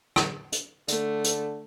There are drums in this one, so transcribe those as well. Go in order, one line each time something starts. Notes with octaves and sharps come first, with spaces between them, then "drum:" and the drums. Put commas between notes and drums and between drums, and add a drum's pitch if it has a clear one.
drum: rim click
drum: hi-hat
D3 A3, drum: hi-hat
drum: hi-hat